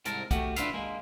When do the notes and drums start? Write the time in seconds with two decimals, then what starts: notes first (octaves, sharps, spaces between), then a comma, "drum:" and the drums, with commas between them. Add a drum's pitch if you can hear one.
0.06 C2 G#2 A#4 A5, drum: hi-hat
0.31 A3 F#4 G4, drum: kick B1, hi-hat
0.56 D4 F4 B4 E5 F5, drum: hi-hat
0.74 G#3 A#3